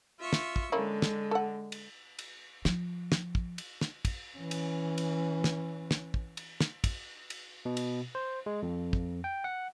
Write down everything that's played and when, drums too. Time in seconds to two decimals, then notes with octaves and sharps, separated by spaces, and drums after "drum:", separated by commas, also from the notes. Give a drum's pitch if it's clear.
0.19 F4 E5 C#6
0.33 drum: snare
0.56 drum: kick
0.72 D3 G#3 A#3 C#4 E4
1.02 drum: snare
1.31 A4 F#5
1.72 drum: cymbal
2.19 drum: cymbal
2.65 F3, drum: snare
3.12 drum: snare
3.35 drum: kick
3.58 drum: cymbal
3.81 drum: snare
4.05 drum: kick, cymbal
4.39 E3 C#4
4.51 drum: cymbal
4.98 drum: cymbal
5.44 drum: snare
5.91 drum: snare
6.14 drum: kick
6.37 drum: cymbal
6.60 drum: snare
6.84 drum: kick, cymbal
7.30 drum: cymbal
7.65 B2
7.77 drum: cymbal
8.15 C5
8.46 G#3
8.63 F2
8.93 drum: kick
9.24 G5
9.44 F#5